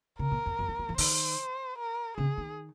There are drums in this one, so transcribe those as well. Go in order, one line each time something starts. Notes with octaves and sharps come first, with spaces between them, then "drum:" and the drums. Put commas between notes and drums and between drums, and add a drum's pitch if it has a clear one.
C#3 A#4
A#2
F2
F#2
F3
F#3
F3
D#3 C5, drum: open hi-hat
A#4
C#3 G#4
D#3